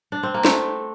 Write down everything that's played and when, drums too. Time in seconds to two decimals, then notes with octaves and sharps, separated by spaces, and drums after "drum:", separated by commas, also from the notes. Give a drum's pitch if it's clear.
0.12 D4
0.23 C4
0.34 A#3
0.45 A3 C4, drum: snare